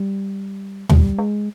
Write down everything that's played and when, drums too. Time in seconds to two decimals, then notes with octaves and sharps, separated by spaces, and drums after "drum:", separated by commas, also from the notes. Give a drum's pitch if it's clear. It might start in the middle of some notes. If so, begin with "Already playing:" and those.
Already playing: G3
0.89 G3, drum: tom
1.18 G#3